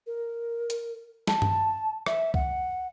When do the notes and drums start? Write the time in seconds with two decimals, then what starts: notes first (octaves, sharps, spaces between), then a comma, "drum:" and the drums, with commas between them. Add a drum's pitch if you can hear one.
0.07 A#4
0.70 drum: hi-hat
1.27 A5, drum: snare
1.42 drum: tom G2
2.06 E5, drum: rim click
2.34 F#5, drum: kick C2